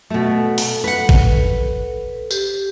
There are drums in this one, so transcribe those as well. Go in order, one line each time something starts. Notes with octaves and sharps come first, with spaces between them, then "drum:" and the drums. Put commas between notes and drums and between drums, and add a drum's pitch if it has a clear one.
B2 A3 A4
drum: open hi-hat
B4 F#5
drum: kick
G4, drum: tambourine